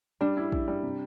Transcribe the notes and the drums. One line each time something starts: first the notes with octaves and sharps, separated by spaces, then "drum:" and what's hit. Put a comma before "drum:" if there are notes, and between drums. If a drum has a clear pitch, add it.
G3 D4
E4
E4, drum: kick
G3
C3